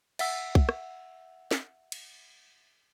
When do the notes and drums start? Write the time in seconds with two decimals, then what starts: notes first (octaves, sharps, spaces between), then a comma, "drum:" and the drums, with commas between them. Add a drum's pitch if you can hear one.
0.19 E5 F#5 E6, drum: cymbal
0.55 drum: kick
0.69 drum: rim click
1.51 drum: snare
1.92 drum: cymbal